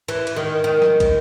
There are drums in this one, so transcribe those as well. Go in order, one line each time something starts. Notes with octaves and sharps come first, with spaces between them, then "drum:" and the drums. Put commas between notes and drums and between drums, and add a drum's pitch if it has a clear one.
E3, drum: cymbal
drum: cymbal
D#3
D#3
drum: snare
drum: kick, cymbal